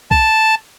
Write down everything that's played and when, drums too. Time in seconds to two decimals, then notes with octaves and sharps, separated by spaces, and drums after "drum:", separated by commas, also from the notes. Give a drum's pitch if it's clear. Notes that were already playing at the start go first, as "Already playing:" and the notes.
0.11 A5, drum: kick B1